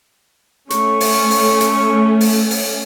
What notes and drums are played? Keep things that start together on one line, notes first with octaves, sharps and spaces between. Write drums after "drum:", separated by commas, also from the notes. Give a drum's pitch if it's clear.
A3 C#4 C#6, drum: hi-hat
drum: open hi-hat
drum: open hi-hat
drum: hi-hat
drum: open hi-hat
drum: open hi-hat